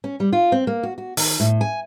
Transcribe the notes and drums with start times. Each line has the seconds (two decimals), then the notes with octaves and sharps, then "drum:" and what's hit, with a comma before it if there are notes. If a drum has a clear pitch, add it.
0.04 C#4
0.20 G3
0.33 F4
0.52 C4
0.67 A#3
0.83 F#4
0.98 F#4
1.17 D#3, drum: open hi-hat
1.40 A2
1.61 G#5